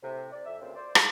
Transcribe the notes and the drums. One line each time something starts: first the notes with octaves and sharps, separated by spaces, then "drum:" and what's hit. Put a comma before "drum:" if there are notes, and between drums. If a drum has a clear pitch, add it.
A2 C3
D5
F2 E5
D2 A#2 C#3 C4
C5 D5
G#2, drum: rim click